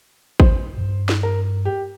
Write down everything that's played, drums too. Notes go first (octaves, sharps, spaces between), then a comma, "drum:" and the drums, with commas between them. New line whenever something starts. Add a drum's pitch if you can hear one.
C5, drum: kick
G#2
G2
drum: snare
A#4
G4